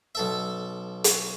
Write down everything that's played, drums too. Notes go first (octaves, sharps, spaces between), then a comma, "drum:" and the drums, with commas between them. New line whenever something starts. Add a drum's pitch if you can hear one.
B1 A4 E5
drum: hi-hat